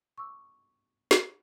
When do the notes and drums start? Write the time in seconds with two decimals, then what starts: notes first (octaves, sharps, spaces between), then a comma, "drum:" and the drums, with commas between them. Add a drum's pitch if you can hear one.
0.18 C#6 D6 E6
1.11 drum: snare